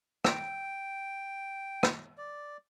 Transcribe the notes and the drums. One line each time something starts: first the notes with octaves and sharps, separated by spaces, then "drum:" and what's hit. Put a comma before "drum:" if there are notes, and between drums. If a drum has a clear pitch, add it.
G5, drum: rim click
drum: rim click
D5